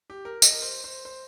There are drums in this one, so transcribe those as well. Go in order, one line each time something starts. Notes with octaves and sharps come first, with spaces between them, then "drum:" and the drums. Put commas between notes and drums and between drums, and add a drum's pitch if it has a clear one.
G4
A#4
D#5, drum: tambourine
A#4
C5
C5
C5